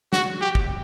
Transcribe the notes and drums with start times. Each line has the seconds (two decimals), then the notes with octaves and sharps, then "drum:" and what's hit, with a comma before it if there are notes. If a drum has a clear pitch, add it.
0.13 F#4, drum: snare
0.41 G4
0.55 drum: kick